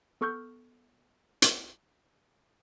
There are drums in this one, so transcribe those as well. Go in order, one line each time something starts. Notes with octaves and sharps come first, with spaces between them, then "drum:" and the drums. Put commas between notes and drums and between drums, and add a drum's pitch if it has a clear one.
B3 A4 C#6 F6 G6
drum: hi-hat